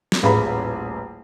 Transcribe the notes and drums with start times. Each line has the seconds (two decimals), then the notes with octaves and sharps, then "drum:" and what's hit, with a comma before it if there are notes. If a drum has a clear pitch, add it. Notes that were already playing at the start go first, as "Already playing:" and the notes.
0.12 drum: snare
0.23 D#1 A1 G#4 B4 A#5 B5